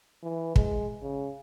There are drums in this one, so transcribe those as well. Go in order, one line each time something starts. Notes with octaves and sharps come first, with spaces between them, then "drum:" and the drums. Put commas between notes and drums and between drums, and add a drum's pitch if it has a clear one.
E3
G#3, drum: kick
C#3